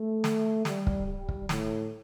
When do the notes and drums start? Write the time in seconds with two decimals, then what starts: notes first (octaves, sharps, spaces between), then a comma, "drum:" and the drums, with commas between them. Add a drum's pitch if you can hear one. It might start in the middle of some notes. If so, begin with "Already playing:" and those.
Already playing: A3
0.24 drum: snare
0.65 G3, drum: snare
0.87 drum: kick
1.07 G3
1.29 drum: kick
1.49 A2, drum: snare